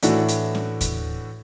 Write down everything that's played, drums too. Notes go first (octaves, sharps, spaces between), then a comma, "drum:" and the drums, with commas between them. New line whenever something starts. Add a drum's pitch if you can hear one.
A2 E3 A3 D4 F#4, drum: hi-hat
drum: hi-hat
drum: snare
drum: kick D#2, hi-hat